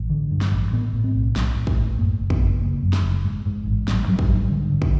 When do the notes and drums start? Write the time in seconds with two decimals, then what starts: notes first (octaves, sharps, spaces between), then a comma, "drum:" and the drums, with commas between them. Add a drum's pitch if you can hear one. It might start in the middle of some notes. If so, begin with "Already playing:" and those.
Already playing: A1
0.10 D3
0.31 G2
0.41 drum: snare
0.52 A1
0.73 A2 B3
0.93 A2
1.04 C4
1.15 B1
1.36 B1, drum: snare
1.56 A2
1.67 drum: kick
1.78 A2
1.98 F#2 A#3
2.19 F#1
2.30 B3, drum: kick
2.41 F#1
2.61 C#3 A#3
2.83 F#2
2.93 drum: snare
3.03 F#1
3.24 G#2
3.46 G#2
3.66 A1
3.88 A1 G3, drum: snare
4.08 G#2 F#3
4.19 drum: kick
4.29 G#2 G3
4.51 D3
4.71 D3
4.82 drum: kick